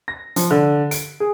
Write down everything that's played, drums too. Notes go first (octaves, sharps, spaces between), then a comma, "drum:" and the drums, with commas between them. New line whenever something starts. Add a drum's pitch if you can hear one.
A#6
F3, drum: hi-hat
D3
D7, drum: hi-hat
G#4